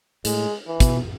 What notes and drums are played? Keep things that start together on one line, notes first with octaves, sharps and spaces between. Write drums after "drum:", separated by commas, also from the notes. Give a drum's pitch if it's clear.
A2 G#3, drum: hi-hat
E3
B2, drum: kick, hi-hat